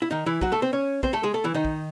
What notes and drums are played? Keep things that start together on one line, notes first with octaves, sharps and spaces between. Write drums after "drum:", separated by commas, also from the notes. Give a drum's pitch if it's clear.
E4
D#3 D#4
E3 E4
F#3 F#4, drum: kick
A3 A4
C4 C5
C#4 C#5
C4 C5, drum: kick
A3 A4
G#3 G#4
A3 A4
E3 E4
D#3 D#4
drum: kick